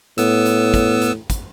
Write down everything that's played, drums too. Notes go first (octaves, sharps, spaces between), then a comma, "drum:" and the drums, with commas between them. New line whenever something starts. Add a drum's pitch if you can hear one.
A2 B3 E6, drum: hi-hat
drum: hi-hat
drum: kick, hi-hat
drum: hi-hat
drum: kick, hi-hat